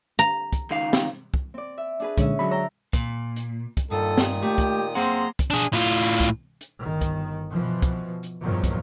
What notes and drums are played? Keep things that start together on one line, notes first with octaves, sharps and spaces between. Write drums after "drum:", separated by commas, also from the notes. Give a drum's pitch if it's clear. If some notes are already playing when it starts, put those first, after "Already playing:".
A#5
drum: kick, hi-hat
C#2 D#3 F5
drum: snare
drum: kick
C4 D5
E5
D4 G#4 B4
A#2 D3 G#3 C#4 E5, drum: kick, hi-hat
D3 F#3 G#3 B5
C#5 G5 A#5 E6
A#2, drum: kick, hi-hat
drum: hi-hat
drum: kick, hi-hat
G2 A#2 D#3 A4 D#6
drum: snare
A3 G4
drum: kick, hi-hat
A#3 C4 G#4 F#5 A#5 C6
drum: kick, hi-hat
D4 G#4
A2 F4
drum: kick, hi-hat
drum: hi-hat
G1 D#3
drum: kick, hi-hat
B2 E3 F3
drum: kick, hi-hat
drum: hi-hat
E2 G2 A#2 D#3 F3 F#3
drum: kick, hi-hat